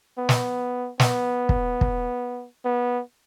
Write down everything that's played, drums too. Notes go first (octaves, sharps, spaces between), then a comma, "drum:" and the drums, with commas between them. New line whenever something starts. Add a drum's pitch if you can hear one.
B3
drum: snare
B3, drum: snare
drum: kick
drum: kick
B3